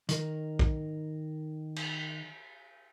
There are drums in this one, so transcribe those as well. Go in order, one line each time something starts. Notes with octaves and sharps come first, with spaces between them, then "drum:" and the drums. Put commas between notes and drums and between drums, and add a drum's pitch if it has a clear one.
D#3 A#4, drum: hi-hat
drum: kick
drum: cymbal